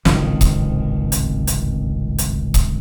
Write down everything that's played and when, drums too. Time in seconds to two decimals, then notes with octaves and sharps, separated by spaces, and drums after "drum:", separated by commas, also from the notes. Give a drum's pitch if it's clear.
0.05 D1 G#1 C#2 D#3, drum: snare
0.41 drum: kick C#1, hi-hat
1.12 drum: hi-hat
1.47 drum: hi-hat
2.19 drum: hi-hat
2.54 drum: kick C#1, hi-hat